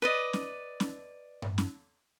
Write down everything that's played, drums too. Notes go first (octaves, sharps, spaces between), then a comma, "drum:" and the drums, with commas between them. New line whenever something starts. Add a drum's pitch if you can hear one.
B4 D5 D#5
drum: snare
drum: snare
drum: tom G2
drum: snare